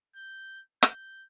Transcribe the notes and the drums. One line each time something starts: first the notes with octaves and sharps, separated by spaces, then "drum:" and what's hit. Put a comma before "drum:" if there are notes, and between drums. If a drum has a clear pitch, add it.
G6
G6, drum: rim click